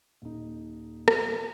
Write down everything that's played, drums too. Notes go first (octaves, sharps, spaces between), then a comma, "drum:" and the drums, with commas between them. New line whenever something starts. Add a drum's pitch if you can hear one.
D#1 D#4
drum: rim click